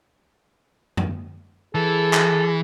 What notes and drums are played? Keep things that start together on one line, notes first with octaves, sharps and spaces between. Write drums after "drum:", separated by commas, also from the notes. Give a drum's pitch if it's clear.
drum: tom F#2
E3 G#4 A4
drum: clap